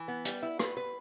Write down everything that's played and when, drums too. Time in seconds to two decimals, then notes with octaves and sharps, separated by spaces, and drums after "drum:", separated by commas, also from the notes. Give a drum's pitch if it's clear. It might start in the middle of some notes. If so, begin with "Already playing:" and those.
Already playing: E3
0.08 B3
0.25 G3, drum: hi-hat
0.42 E4
0.59 B4, drum: rim click
0.77 B4